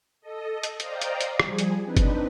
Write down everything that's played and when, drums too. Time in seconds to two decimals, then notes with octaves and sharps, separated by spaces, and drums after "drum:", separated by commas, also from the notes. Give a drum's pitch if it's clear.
0.21 A4 D#5
0.63 drum: hi-hat
0.80 C5 D5 D#5 F5 G5 A#5, drum: hi-hat
1.01 drum: hi-hat
1.21 drum: hi-hat
1.40 F3 G3 G#4, drum: rim click
1.59 drum: hi-hat
1.84 C4 D4 D#4 B4
1.97 drum: kick F#1, hi-hat